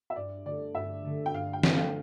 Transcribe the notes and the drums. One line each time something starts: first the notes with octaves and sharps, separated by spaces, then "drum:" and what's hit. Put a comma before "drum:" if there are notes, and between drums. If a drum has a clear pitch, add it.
E5
G2 D5
D3 A3 D5
G2 E5
D3 A3
G5
G2 F5
G5
D3 A3, drum: snare
F5